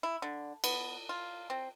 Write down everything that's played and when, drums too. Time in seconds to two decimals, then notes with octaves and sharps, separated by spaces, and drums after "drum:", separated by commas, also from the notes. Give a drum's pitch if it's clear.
0.03 E4
0.22 D3
0.64 B3, drum: cymbal
1.09 F4
1.50 C4